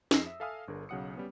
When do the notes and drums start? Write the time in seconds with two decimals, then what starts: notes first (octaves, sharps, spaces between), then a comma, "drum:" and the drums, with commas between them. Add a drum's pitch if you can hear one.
0.11 F2 G#4 D#6 E6 A#6 C7, drum: snare
0.27 E5
0.40 A4 E5 F5 G#5 D#6 F6
0.68 G1 D3 G#4 A#4
0.89 B1 C#3 F#3 F#5 D#6 C#7
1.15 G3 B3 C#4